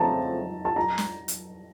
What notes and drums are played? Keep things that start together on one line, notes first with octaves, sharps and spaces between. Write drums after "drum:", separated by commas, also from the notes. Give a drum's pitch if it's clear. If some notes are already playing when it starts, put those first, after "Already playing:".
Already playing: C#3 F3 A3 C4 A5 A#5
A5
A#5
drum: snare
drum: hi-hat